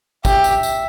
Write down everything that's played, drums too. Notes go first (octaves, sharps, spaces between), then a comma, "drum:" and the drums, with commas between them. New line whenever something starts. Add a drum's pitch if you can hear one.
G4 E5, drum: kick, tambourine
drum: tambourine
drum: tambourine